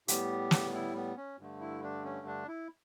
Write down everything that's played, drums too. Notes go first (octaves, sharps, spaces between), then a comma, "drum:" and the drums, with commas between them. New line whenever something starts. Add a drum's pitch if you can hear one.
A2 G3 B3 G4, drum: hi-hat
drum: snare
E4
B3
C#4
G2 D3 A3
E4
D4
C#4
D4
E4